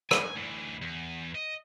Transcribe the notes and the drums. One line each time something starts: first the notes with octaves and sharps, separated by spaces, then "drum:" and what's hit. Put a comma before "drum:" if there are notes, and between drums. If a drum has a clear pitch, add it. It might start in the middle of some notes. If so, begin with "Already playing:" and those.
G#5, drum: rim click
D2 E3
E2
D#5